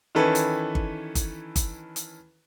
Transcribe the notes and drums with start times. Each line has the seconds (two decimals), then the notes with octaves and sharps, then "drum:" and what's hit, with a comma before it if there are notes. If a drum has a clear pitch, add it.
0.15 D#3 E3 C#4 E4 A4 B4
0.35 drum: hi-hat
0.75 drum: kick G1
1.15 drum: kick G1, hi-hat
1.56 drum: kick G1, hi-hat
1.96 drum: hi-hat